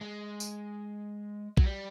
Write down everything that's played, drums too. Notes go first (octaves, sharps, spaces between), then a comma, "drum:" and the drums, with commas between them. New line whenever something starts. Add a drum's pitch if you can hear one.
G#3
drum: tambourine
F#3, drum: kick A#1
G3